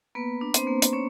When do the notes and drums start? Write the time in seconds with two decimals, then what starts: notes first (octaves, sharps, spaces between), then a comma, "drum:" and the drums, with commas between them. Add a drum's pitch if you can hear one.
0.15 A#3 B3 B4
0.41 D4
0.54 C4 C5, drum: hi-hat
0.67 A#3
0.82 drum: hi-hat
0.93 A#3 C#4 C#5